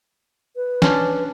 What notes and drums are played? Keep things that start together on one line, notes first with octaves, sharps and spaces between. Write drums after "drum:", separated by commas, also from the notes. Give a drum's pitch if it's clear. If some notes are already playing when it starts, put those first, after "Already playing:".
B4
C#4 D4, drum: snare